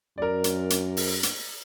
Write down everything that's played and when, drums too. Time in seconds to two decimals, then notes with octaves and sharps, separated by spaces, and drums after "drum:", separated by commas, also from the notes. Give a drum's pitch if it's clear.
0.18 F#2 A#4 D5
0.44 drum: hi-hat
0.70 drum: hi-hat
0.97 drum: open hi-hat
1.23 drum: hi-hat